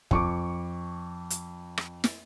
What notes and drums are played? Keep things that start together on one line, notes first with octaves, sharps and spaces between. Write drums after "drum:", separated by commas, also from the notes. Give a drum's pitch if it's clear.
F2 C#6 D6, drum: kick
drum: hi-hat
drum: rim click
drum: snare